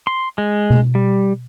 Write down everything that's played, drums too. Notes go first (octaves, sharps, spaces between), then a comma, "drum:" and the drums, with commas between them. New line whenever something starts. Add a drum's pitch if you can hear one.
C6
G#3
drum: tom B2
G3